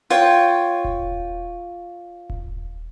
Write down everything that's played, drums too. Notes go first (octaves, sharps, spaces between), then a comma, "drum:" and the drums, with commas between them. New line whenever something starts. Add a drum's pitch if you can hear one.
F4 C#5 G5, drum: hi-hat
drum: kick D#1
drum: kick D#1